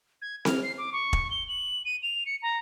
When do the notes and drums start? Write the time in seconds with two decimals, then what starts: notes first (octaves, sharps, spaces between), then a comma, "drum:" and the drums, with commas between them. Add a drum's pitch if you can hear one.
0.22 G#6
0.45 F6, drum: snare C4
0.63 C7
0.78 D6
0.93 C#6
1.13 drum: kick
1.31 G7
1.48 F#7
1.85 D#7
2.03 F7
2.26 C#7
2.42 A#5